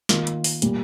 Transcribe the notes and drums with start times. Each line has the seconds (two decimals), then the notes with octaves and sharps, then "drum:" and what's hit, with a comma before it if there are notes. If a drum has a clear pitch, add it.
0.09 D#3 A#3 F4, drum: snare
0.27 drum: hi-hat
0.44 drum: open hi-hat
0.62 A#2 G3, drum: hi-hat